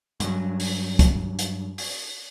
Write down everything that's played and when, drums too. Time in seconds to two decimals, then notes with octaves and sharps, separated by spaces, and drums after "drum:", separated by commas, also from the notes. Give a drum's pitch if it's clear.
0.20 G2 F#3, drum: hi-hat
0.60 drum: open hi-hat
0.99 drum: kick, hi-hat
1.39 drum: hi-hat
1.78 drum: open hi-hat